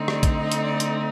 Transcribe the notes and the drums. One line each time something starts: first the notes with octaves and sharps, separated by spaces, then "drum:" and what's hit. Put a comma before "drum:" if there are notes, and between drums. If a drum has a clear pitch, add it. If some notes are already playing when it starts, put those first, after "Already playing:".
Already playing: D3 A3 C4 D#4
D5, drum: rim click
drum: kick, hi-hat
D#5
drum: hi-hat
D5
drum: hi-hat